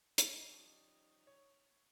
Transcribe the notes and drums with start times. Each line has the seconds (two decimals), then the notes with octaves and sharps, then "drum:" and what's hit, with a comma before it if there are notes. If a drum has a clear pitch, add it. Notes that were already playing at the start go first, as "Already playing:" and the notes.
0.18 E3 D#4 G#5, drum: hi-hat
0.50 F3 G3 C#4 D#4
1.27 C#5